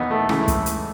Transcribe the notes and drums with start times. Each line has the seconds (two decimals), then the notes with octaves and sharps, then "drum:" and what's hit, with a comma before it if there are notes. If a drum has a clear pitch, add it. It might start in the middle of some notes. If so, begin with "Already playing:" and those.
Already playing: D#2 E3 B3 D#4
0.11 A3
0.29 C#2 C#3 E3 A3, drum: rim click
0.48 drum: kick, hi-hat
0.66 drum: hi-hat